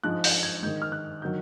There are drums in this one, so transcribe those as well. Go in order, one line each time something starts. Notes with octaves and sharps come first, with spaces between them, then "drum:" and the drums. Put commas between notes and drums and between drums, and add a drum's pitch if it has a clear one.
G#2 F3 G#3 F#6
G6, drum: open hi-hat
G#6
G#2 D#3 G#3 G6
F6
F#6
D#3 F#3 G6